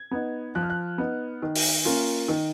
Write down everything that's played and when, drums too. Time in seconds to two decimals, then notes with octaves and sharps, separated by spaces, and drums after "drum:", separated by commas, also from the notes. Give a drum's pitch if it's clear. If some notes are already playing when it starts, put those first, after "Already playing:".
Already playing: G#6
0.11 B3 D#4
0.55 F3 F#6
0.63 F6
0.70 F#6
0.98 B3 D#4
1.42 D#3
1.56 drum: open hi-hat
1.85 A#3 C#4 F4
2.28 D#3